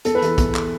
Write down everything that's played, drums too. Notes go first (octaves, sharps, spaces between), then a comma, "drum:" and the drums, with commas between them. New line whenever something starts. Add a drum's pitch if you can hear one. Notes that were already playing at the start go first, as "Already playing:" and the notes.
E2 A4, drum: hi-hat
B4
E3 A4, drum: hi-hat
E2, drum: kick, hi-hat
drum: clap